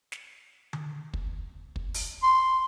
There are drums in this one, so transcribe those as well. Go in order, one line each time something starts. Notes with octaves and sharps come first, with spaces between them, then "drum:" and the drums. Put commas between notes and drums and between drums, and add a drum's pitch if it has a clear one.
drum: snare
drum: tom D3
drum: kick
drum: kick
drum: open hi-hat
C6